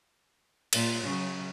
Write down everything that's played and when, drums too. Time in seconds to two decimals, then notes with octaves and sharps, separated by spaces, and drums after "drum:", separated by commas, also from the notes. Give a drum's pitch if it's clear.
0.73 A#2 F4, drum: cymbal
1.04 C#3 F#3